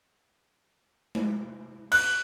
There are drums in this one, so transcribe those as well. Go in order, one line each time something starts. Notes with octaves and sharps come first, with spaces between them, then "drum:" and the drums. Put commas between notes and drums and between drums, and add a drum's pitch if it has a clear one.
drum: tom G#3
F#6, drum: cymbal